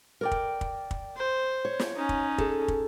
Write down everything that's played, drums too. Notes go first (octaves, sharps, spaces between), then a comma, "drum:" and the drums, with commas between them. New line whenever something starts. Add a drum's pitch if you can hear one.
A#4 D5 G5
drum: kick
drum: kick
drum: kick
C5
C#5
drum: snare
C#4 D#4
drum: kick
G#4 A4, drum: kick
drum: kick